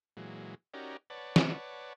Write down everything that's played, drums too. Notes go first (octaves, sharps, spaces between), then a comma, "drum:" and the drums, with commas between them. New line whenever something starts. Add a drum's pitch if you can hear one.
A#2 E3 F#3 G#3
C#4 D#4 F#4 G4 A#4 D5
B4 C#5 D5 F#5 A5
drum: snare